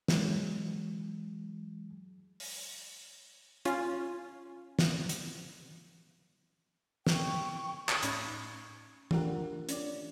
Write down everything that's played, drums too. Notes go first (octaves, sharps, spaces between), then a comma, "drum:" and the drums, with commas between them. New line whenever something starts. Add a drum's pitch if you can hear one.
E3 F#3 G#3, drum: snare
drum: open hi-hat
C#4 F4, drum: hi-hat
drum: snare
drum: hi-hat
G5 C#6, drum: snare
drum: clap
A2 C#4 D#4 B5 C#6 G#6, drum: hi-hat
A3 D4 F4 G4 A#4 F#5, drum: tom
C#4 D4 D5, drum: hi-hat